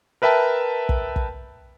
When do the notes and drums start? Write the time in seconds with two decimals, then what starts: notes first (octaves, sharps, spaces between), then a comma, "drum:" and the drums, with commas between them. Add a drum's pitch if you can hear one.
0.22 A#4 B4 E5 G5 A5
0.89 drum: kick
1.16 drum: kick